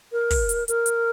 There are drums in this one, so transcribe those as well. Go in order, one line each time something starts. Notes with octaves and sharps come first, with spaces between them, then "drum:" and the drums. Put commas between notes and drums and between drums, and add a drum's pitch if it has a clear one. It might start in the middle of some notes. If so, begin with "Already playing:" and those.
A#4
drum: kick, open hi-hat
drum: hi-hat
A#4, drum: hi-hat
drum: hi-hat